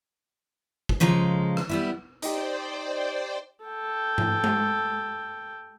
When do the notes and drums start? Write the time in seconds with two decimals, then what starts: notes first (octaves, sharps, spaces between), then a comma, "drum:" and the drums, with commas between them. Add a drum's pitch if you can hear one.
0.89 drum: kick
1.00 C#3 F3 G#3 A4 A#5
1.57 drum: rim click
1.69 G3 B3 E4
2.22 D#4 G4 C5 D5 G5, drum: hi-hat
3.65 A4 G5
4.18 drum: tom G#2
4.44 drum: tom G#3